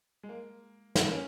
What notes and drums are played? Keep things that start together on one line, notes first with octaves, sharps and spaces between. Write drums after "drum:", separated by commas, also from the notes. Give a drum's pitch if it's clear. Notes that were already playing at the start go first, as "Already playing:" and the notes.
G#3
A#3
C#4, drum: snare
A#3
C#4